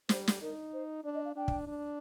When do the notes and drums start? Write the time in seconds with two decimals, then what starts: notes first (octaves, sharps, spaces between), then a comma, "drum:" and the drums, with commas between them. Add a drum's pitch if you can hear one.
0.09 G3 C5, drum: snare
0.28 drum: snare
0.41 D#4 A#4
0.73 C5
1.04 D4 D5
1.14 D#5
1.25 F5
1.36 D4 G5
1.48 drum: kick
1.67 D4